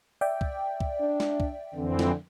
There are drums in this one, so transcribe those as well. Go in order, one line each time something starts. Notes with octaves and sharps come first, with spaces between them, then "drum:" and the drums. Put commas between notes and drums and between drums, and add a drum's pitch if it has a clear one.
D5 E5 G5
drum: kick C2
drum: kick C2
D4
drum: snare
drum: kick C2
F2 D3 E3 C4
drum: snare